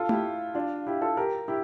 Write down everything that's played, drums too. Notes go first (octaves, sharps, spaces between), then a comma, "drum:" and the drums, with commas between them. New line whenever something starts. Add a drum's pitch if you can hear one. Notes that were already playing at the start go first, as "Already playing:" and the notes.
Already playing: F4 A4
E4 G4, drum: tom A3
D4 F4
E4 G4
F4 A4
G4 A#4
E4 G4